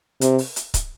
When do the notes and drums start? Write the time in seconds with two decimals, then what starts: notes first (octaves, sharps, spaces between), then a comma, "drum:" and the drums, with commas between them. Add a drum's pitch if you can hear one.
0.21 C3, drum: hi-hat
0.38 drum: open hi-hat
0.56 drum: hi-hat
0.74 drum: kick C#1, hi-hat